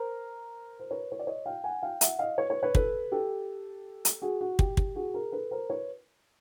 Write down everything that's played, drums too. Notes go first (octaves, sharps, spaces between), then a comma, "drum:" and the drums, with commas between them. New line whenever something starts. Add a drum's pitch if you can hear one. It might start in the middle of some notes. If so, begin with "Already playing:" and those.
Already playing: A#4 C5
C5
B4 C#5
C#5
D5
C#5 D#5
F5 G5
F#5 G#5
F5 G5
E5 F#5, drum: hi-hat
D#5 F5
B4 C#5
B4 C#5
B4 C#5
A4 B4, drum: kick
G4 A4
drum: hi-hat
F#4 G#4
F#4
G4, drum: kick
G4, drum: kick
F#4 G#4
G#4 A#4
A4 B4
A#4 C5
B4 C#5